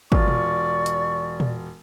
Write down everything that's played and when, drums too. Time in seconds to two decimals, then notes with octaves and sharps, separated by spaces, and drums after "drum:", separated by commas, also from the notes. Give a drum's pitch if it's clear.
0.12 E1 F4 D5 C#6, drum: kick
0.28 drum: tom A#2
0.86 drum: hi-hat
1.40 drum: tom A#2